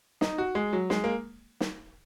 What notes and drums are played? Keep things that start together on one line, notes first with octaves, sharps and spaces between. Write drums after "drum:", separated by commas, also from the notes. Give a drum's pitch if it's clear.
D#4, drum: snare
F#4
G#3
F#3
G#3, drum: snare
A#3
drum: snare